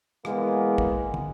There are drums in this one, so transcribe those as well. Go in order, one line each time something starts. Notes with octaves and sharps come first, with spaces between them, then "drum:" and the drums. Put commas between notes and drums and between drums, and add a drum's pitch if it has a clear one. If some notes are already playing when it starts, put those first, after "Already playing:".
E3 G#3 A#3 B3, drum: rim click
drum: kick
drum: tom